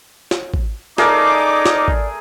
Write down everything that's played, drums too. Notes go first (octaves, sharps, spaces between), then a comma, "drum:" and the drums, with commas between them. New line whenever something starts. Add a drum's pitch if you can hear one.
drum: snare
drum: kick
A3 D#4 G#4 A#4 D5 D6, drum: snare
drum: snare
drum: kick